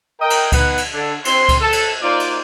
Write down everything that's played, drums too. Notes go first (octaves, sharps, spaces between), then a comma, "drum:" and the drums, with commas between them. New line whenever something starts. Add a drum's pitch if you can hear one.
A#4 D#5 G5
drum: cymbal
B3 D#4 B4 F#5, drum: kick C#2, cymbal
drum: cymbal
D3 D4 A4
C4 C6, drum: cymbal
drum: kick C#2, cymbal
A4
drum: cymbal
A#3 D#4 F4 C5 D5
drum: cymbal